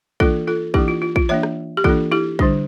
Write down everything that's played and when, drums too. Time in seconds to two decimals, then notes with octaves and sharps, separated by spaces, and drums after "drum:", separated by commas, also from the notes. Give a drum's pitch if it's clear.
0.20 E3 A#3 D4 F4 A4, drum: kick A#1
0.48 F4 A4
0.74 E3 A#3 D4 E4 G4, drum: kick A#1
0.88 F4
1.02 F4
1.16 F4, drum: kick A#1
1.29 E3 A#3 D4 C#5 E5
1.43 drum: rim click
1.77 G4
1.84 E3 A#3 D4 F4 A4, drum: kick A#1
2.12 E4 G4
2.39 D3 G3 D4, drum: kick A#1